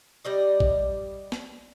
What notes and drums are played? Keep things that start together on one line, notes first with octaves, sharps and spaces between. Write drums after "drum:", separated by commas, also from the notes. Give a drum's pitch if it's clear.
G3 D5 D#5
drum: kick A1
drum: snare